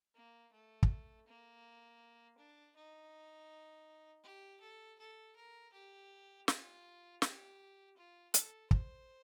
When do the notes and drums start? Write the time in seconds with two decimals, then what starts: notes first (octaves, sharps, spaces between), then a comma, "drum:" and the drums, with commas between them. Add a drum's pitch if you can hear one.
0.15 A#3
0.53 A3
0.83 drum: kick
1.27 A#3
2.38 D4
2.76 D#4
4.24 G4
4.61 A4
4.99 A4
5.36 A#4
5.73 G4
6.48 F4, drum: snare
7.22 G4, drum: snare
7.97 F4
8.34 A4, drum: hi-hat
8.71 C5, drum: kick